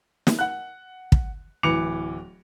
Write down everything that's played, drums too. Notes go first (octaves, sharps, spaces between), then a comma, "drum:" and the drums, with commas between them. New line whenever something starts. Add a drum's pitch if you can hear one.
drum: snare
F#5 F#6
drum: kick
D1 E3 D6 C#7 F7